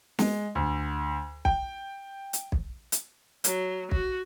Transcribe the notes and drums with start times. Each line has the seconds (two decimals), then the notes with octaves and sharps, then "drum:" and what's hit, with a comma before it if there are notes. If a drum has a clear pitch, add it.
0.19 G#3, drum: snare
0.55 D2
1.45 G5, drum: kick B1
2.33 drum: hi-hat
2.52 drum: kick B1
2.92 drum: hi-hat
3.44 F#3, drum: hi-hat
3.91 F#4, drum: kick B1